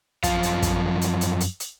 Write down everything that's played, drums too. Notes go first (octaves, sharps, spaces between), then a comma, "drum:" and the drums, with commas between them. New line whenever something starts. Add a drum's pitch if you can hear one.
F#2 F3 F4 F5, drum: kick, hi-hat
drum: hi-hat
drum: kick, hi-hat
drum: hi-hat
drum: hi-hat
drum: hi-hat
drum: hi-hat